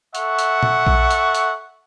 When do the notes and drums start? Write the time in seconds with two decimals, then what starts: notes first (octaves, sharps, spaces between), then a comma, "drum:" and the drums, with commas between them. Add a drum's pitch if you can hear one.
0.15 A4 E5 F#5 C#6, drum: hi-hat
0.39 drum: hi-hat
0.63 drum: tom A#2
0.87 drum: kick A#1
1.11 drum: hi-hat
1.35 drum: hi-hat